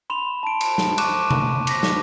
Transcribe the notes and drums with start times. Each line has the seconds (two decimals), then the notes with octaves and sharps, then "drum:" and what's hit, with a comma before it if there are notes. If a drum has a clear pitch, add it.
0.10 B5 C6 E7 F7
0.43 A5 D7
0.61 drum: cymbal
0.78 drum: snare
0.98 C#6 D6 F#6 D#7 E7, drum: cymbal
1.31 drum: tom C3
1.67 D6 A#6 B6, drum: cymbal
1.83 drum: snare